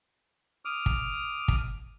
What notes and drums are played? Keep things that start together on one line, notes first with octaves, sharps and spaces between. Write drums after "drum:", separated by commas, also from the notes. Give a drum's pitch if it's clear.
D6 D#6 F6
drum: kick
drum: kick